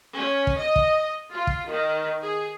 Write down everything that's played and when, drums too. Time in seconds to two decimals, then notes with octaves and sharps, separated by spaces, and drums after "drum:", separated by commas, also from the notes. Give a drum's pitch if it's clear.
0.15 C#4
0.47 drum: kick
0.56 D#5
0.76 drum: kick
1.33 F4
1.47 drum: kick
1.69 D#3
2.22 G#4